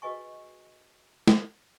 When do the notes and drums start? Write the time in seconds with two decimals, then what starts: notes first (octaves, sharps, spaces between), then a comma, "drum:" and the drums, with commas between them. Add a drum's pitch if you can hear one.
0.02 F#4 G#4 B4 D#5 G#5 C#6
1.27 drum: snare